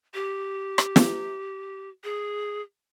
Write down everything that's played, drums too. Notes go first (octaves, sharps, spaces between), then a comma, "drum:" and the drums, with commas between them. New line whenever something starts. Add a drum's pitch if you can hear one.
G4
drum: rim click
drum: snare
G#4